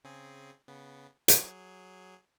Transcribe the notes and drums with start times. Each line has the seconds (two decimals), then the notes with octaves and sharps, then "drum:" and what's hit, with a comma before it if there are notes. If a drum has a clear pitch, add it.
0.04 C#3 C4 G#4
0.68 C#3 B3
1.28 F#3 G#4, drum: hi-hat